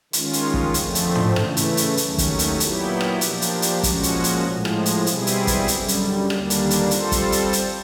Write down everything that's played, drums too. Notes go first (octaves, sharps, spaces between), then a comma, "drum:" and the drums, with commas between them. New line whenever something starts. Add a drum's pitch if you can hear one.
D#3 G#3 C#4 F4, drum: hi-hat
drum: hi-hat
drum: kick
F2 D3 F3 A3 C4, drum: hi-hat
drum: hi-hat
drum: tom
C#3 E3 A3, drum: rim click
drum: hi-hat
drum: hi-hat
D#2 D#3 F#3 A3 C#4, drum: hi-hat
drum: kick, hi-hat
drum: hi-hat
A#2 F#3 B3 E4 G4, drum: hi-hat
drum: rim click
F3 A#3 D4 G4, drum: hi-hat
drum: hi-hat
drum: hi-hat
A#2 F3 G#3 C#4 F#4, drum: kick, hi-hat
drum: hi-hat
drum: hi-hat
A2 F3 G#3
drum: rim click
drum: hi-hat
B2 G3 C4 E4 G#4, drum: hi-hat
drum: hi-hat
drum: kick, hi-hat
F#2 D3 G3, drum: hi-hat
drum: hi-hat
D#2 D3 G3 A#3 D4, drum: rim click
drum: hi-hat
drum: hi-hat
G3 C4 F4 A4 C5, drum: hi-hat
drum: kick, hi-hat
drum: hi-hat
drum: hi-hat